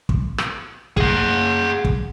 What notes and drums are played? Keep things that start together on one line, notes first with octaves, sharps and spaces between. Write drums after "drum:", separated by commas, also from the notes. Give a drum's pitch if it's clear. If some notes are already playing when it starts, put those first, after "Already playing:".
drum: kick
drum: rim click
G#4 F#5, drum: kick
drum: kick